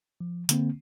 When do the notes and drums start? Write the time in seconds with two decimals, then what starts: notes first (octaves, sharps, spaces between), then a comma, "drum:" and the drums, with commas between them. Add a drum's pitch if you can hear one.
0.21 F3
0.49 D3 A#3 C4, drum: hi-hat